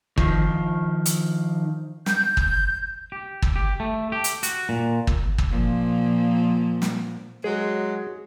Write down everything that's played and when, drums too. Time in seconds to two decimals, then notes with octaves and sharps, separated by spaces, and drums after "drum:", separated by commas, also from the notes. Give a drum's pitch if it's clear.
0.18 D#3 F3, drum: kick
1.06 drum: hi-hat
2.06 G6, drum: snare
2.37 drum: kick
3.12 G4
3.42 drum: kick
3.56 G4
3.80 A3
4.12 G4
4.24 drum: hi-hat
4.43 F#4, drum: hi-hat
4.69 A#2
5.07 drum: kick
5.38 drum: kick
5.51 A#2 F3
6.82 drum: snare
7.44 F#3 G#3 G#4